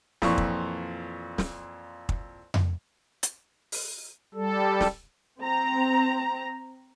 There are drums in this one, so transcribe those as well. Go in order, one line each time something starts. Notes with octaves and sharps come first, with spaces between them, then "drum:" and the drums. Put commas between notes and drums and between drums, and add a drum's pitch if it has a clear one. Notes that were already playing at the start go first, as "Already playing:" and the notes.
F2 A#2 E3 C#6, drum: snare
drum: kick
drum: snare
drum: kick
drum: tom F2
drum: hi-hat
drum: open hi-hat
G3 A4
drum: snare
C4 A#5